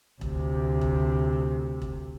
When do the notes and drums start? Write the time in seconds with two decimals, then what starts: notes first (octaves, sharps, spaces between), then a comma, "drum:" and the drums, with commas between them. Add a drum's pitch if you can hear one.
0.21 D2 C3, drum: kick E1
0.81 drum: kick E1
1.82 drum: kick E1